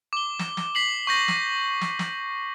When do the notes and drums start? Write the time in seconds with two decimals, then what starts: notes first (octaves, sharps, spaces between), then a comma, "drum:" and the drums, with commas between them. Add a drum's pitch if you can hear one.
0.13 D6 G7
0.39 drum: snare
0.57 drum: snare
0.75 B6 C7 F#7
1.07 C#6 G6 A#6
1.28 drum: snare
1.81 drum: snare
1.99 drum: snare